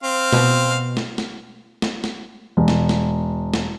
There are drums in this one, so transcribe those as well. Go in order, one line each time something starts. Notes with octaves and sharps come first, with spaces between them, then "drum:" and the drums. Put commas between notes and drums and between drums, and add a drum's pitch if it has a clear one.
C4 F5
B2, drum: snare
drum: snare
drum: snare
drum: snare
drum: snare
E1
drum: snare
drum: snare
drum: snare